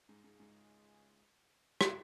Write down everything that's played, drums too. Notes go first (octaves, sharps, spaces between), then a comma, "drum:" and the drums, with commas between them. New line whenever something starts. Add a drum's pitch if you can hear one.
G#2
C#2 G#2 C#3 G#3
G#2
drum: rim click